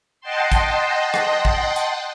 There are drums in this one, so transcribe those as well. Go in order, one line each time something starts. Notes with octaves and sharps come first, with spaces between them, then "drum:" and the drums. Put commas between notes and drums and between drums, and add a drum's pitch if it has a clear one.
D#5 F#5 G5 A5 C6
drum: kick, hi-hat
drum: rim click
drum: kick
drum: hi-hat